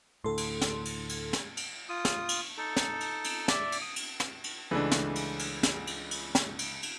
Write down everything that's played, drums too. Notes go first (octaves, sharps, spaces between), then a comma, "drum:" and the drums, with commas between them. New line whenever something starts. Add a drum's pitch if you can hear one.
D2 A2 A4 C6
drum: cymbal
drum: snare
drum: cymbal
drum: cymbal
drum: snare
drum: cymbal
F4 D#6
drum: snare
drum: cymbal
D#4 A4
drum: snare
drum: cymbal
drum: cymbal
D5 E5, drum: snare
drum: cymbal
D#6
drum: cymbal
drum: snare
drum: cymbal
C#2 E3 G#3 A3 D4
drum: snare
drum: cymbal
drum: cymbal
drum: snare
drum: cymbal
drum: cymbal
drum: snare
drum: cymbal
drum: cymbal